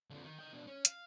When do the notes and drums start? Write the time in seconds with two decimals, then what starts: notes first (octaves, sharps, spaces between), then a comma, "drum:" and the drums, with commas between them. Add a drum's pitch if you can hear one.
0.11 F2 D3
0.24 D#3
0.39 D#5 G5
0.53 B2 D4
0.67 C#4
0.85 F5, drum: hi-hat